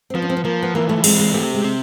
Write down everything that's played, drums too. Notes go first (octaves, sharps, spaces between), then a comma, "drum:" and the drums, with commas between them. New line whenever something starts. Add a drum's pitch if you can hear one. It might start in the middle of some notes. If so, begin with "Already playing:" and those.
C4
F3 B3
C#4
C4
B3
F3 A#3
B3
E3 A#3
A3
G#3 C4, drum: cymbal
G#3
A3 G4
G#3
C4